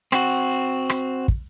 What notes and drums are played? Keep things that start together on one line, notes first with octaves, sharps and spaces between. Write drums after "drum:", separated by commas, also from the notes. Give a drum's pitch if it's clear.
C4 F#4, drum: rim click
drum: rim click
drum: kick